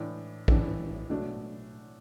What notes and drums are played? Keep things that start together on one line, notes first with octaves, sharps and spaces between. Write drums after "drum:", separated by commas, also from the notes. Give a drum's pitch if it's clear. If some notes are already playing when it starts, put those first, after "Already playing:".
Already playing: A2 E3 D4
A2 E3 D4, drum: kick A#1
B2 F#3 A3 D4